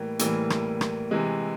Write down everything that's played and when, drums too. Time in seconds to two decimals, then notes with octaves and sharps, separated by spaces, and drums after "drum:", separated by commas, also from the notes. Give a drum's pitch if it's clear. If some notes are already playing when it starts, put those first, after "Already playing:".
Already playing: A2 E3 G3 A#3
0.19 A2 E3 G3 A#3, drum: hi-hat
0.50 drum: rim click
0.81 drum: rim click
1.11 C3 E3 G#3